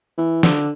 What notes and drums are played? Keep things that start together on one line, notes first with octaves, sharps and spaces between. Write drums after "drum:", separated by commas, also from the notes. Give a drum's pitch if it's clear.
E3
D3, drum: snare